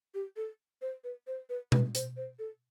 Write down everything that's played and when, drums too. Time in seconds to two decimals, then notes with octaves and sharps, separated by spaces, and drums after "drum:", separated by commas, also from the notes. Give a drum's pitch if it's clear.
0.14 G4
0.36 A4
0.82 C5
1.04 B4
1.27 C5
1.50 B4
1.72 B4, drum: tom B2
1.95 C5, drum: hi-hat
2.17 C5
2.39 A4